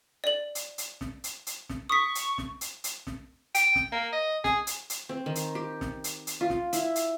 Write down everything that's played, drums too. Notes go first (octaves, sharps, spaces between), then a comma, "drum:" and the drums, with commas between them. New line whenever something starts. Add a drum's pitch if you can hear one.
D5 F#7
drum: hi-hat
drum: hi-hat
drum: snare
drum: hi-hat
drum: hi-hat
drum: snare
C#6 D#6 B6
drum: hi-hat
drum: snare
drum: hi-hat
drum: hi-hat
drum: snare
G5, drum: hi-hat
drum: snare
A#3
D#5
G#4, drum: snare
drum: hi-hat
drum: hi-hat
C4
D#3
drum: hi-hat
G4
drum: snare
drum: hi-hat
drum: hi-hat
F4
drum: snare
E4, drum: hi-hat
drum: hi-hat